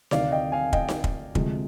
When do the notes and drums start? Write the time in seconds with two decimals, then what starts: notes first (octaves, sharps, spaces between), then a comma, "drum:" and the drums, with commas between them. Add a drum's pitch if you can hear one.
0.11 D2 C3 D#3 D5 F5, drum: snare D#4
0.32 D#5 G5
0.52 F5 G#5
0.73 D#5 G5, drum: kick
0.88 drum: snare D#4
1.04 drum: kick
1.35 D2 C3 F3 G#3, drum: kick